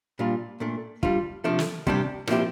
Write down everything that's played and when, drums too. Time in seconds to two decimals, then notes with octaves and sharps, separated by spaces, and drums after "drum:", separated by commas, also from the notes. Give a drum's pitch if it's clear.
0.19 A#2 G3 D4 F4
0.60 A#2 A3 D4
1.03 G3 D4 F4, drum: kick
1.44 C3 F3 A3 D4
1.59 drum: snare
1.87 C3 G3 D4 G4, drum: kick
2.27 A#2 F3 C4 E4 G4, drum: rim click